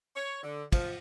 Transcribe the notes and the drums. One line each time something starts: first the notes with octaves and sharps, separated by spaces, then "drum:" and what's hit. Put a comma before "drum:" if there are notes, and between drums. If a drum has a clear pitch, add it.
C#5
D3
F3, drum: kick, cymbal